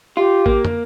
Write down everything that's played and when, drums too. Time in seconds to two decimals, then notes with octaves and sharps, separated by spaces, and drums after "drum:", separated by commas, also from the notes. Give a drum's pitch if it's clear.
0.17 F4 G4
0.46 A#3, drum: kick A1
0.65 drum: tom